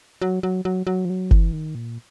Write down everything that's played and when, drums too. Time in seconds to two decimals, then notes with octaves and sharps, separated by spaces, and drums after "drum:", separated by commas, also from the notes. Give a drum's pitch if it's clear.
0.22 F#3
0.43 F#3
0.65 F#3
0.87 F#3
1.05 F3
1.10 F#3
1.31 E3, drum: kick F#1
1.53 D#3
1.75 A#2